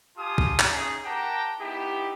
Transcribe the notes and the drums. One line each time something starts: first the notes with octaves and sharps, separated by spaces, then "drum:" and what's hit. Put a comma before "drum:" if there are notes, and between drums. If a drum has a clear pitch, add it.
F4 G4 F5 G#5 A5 D#6
drum: kick
drum: clap
C#4 D#4 G#4
G4 A#4 F#5 G5 A5 A#5
B3 D#4 E4 G4